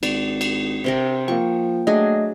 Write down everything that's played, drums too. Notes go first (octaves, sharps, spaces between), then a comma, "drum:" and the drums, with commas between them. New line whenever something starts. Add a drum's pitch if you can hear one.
G#1 D5, drum: cymbal
drum: cymbal
C3 C4 A#4
F3 A#3 G5 C#6
F#3 A3 D4 G#4 D#5